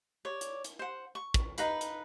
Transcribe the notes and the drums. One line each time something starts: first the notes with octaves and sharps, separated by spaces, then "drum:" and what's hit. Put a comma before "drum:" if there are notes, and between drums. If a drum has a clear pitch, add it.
C#5 D5
drum: hi-hat
drum: hi-hat
C5 F#5
C#6
drum: kick, hi-hat
D#4 B4 F5 B5, drum: hi-hat
drum: hi-hat